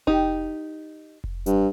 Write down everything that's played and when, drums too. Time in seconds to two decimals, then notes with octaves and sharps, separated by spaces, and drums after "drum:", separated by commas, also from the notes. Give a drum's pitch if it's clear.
0.07 D#4 G4, drum: kick F1
1.24 drum: kick F1
1.46 G2, drum: hi-hat